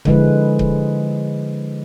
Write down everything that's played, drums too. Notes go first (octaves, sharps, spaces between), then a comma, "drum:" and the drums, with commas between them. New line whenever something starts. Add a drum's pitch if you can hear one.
D3 F3 G#3 E4 B4, drum: kick C#1
drum: kick C#1